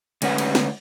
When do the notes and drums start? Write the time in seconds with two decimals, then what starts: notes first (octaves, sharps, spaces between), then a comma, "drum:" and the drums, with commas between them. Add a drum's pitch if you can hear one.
0.22 D2 G#3 C#4 B4 F#5, drum: cymbal
0.38 drum: cymbal
0.55 drum: snare